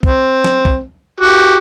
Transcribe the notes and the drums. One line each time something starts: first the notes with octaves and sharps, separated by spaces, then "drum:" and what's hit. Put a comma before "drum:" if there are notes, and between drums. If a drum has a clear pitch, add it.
C4, drum: kick
drum: snare
drum: kick
F#4 G4 D6